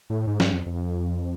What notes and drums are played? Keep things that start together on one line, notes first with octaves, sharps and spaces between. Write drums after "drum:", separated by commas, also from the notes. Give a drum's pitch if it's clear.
A2
G#2
G2, drum: snare
F2
F2